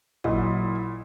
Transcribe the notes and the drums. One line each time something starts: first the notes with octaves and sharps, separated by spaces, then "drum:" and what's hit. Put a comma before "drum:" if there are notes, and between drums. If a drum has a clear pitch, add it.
A#2 F#3 E4 D#5, drum: kick